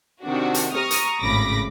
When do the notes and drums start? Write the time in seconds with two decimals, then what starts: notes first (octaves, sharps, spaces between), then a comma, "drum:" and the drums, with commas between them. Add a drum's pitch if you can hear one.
0.23 C3 D#3 D4 F#4
0.54 drum: hi-hat
0.72 A#5 C#6 D#6 F6
0.91 drum: hi-hat
1.20 G#1 A2 C#3 B5 D6 A#6